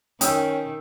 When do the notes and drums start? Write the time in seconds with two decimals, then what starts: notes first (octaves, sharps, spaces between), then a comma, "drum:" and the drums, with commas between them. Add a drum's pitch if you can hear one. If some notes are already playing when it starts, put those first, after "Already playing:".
0.21 D#3 C#4 G5 D#6 E6, drum: hi-hat